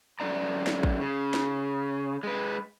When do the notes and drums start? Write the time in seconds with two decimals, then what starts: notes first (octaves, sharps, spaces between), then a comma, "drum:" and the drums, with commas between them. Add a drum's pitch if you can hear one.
0.20 F#2 D3 A#3 D4 D5 A#5
0.67 drum: snare
0.83 drum: kick
1.00 C#3
1.34 drum: snare
2.23 G#3 B4